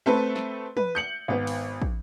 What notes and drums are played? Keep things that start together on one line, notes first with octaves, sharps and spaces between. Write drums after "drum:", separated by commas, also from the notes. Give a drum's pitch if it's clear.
A3 C4 A4 B4
drum: snare
B4, drum: tom
G6 C#7 F#7
G#1 B3
drum: open hi-hat
drum: kick